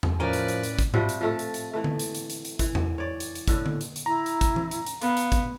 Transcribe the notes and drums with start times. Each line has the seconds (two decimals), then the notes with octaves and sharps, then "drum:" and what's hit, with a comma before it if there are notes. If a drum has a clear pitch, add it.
0.03 drum: tom E2
0.20 A2 F3 C#4 A#4 B4 D5 G#5
0.33 drum: hi-hat
0.48 drum: hi-hat
0.63 drum: hi-hat
0.79 drum: kick, hi-hat
0.94 C3 F3 G3 F#4, drum: tom G#2
1.09 drum: hi-hat
1.21 F3 A3 A4
1.39 drum: hi-hat
1.54 drum: hi-hat
1.73 E3 A3
1.84 drum: tom D3
1.99 drum: hi-hat
2.15 drum: hi-hat
2.30 drum: hi-hat
2.45 drum: hi-hat
2.59 E3, drum: kick, hi-hat
2.75 drum: tom E2
2.98 C#5 D5
3.20 drum: hi-hat
3.35 drum: hi-hat
3.48 A2 D3, drum: kick, hi-hat
3.66 drum: tom D3
3.81 drum: hi-hat
3.96 drum: hi-hat
4.06 E4 A#5
4.26 drum: hi-hat
4.41 drum: kick, hi-hat
4.56 drum: tom E3
4.71 drum: hi-hat
4.86 drum: hi-hat
5.01 B3 F5, drum: hi-hat
5.17 drum: hi-hat
5.32 drum: kick, hi-hat